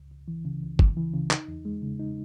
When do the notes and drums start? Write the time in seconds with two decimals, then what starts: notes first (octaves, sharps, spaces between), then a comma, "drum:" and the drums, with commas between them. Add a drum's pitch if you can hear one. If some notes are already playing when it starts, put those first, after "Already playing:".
Already playing: C#2
0.10 C#2
0.28 E3
0.45 C#3
0.62 C#2
0.79 C#2, drum: kick
0.97 E3
1.13 C#3
1.31 D#4, drum: clap
1.48 E2
1.65 G#3
1.82 C#3
2.00 D#4